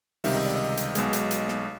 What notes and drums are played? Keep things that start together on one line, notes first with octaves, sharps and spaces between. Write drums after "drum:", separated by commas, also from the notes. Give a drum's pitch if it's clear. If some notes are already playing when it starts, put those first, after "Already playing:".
C#2 C3 D#3 G3 E5, drum: open hi-hat
D#5
D5
D#5
drum: hi-hat
B1 B2 G#3, drum: hi-hat
drum: hi-hat
drum: hi-hat
drum: snare